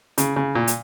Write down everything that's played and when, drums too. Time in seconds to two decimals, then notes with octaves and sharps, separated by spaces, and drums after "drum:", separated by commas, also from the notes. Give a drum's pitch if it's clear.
0.18 C#3, drum: hi-hat
0.36 C#3
0.55 A#2
0.67 drum: hi-hat